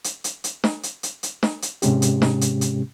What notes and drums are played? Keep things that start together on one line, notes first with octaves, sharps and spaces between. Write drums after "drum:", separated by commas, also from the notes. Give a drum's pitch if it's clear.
drum: hi-hat
drum: hi-hat
drum: hi-hat
drum: snare
drum: hi-hat
drum: hi-hat
drum: hi-hat
drum: snare
drum: hi-hat
G#2 C3 G#3 C#4 G4, drum: hi-hat
drum: hi-hat
drum: snare
drum: hi-hat
drum: hi-hat